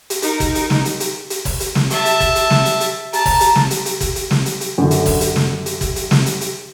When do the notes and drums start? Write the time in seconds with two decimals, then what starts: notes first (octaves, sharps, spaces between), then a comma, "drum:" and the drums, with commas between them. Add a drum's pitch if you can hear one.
0.10 drum: hi-hat
0.22 D#4 A#4, drum: hi-hat
0.40 drum: kick, hi-hat
0.55 drum: hi-hat
0.70 drum: snare
0.85 drum: hi-hat
1.00 drum: hi-hat
1.30 drum: hi-hat
1.45 drum: kick, open hi-hat
1.60 drum: hi-hat
1.75 drum: snare
1.90 E5 A5, drum: hi-hat
2.05 drum: hi-hat
2.20 drum: kick, hi-hat
2.35 drum: hi-hat
2.50 drum: snare
2.65 drum: hi-hat
2.80 drum: hi-hat
3.13 A5 A#5, drum: hi-hat
3.25 drum: kick, open hi-hat
3.41 drum: hi-hat
3.56 drum: snare
3.71 drum: hi-hat
3.86 drum: hi-hat
4.01 drum: kick, hi-hat
4.16 drum: hi-hat
4.31 drum: snare
4.46 drum: hi-hat
4.61 drum: hi-hat
4.78 F#2 D3
4.91 drum: hi-hat
5.06 drum: kick, open hi-hat
5.21 drum: hi-hat
5.36 drum: snare
5.66 drum: hi-hat
5.81 drum: kick, hi-hat
5.96 drum: hi-hat
6.11 drum: snare
6.26 drum: hi-hat
6.41 drum: hi-hat